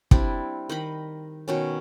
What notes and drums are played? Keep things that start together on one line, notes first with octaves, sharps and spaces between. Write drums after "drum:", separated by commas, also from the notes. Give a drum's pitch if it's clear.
G3 C4 D4 E4, drum: kick
D#3 D#5 B5
B2 D#3 C#4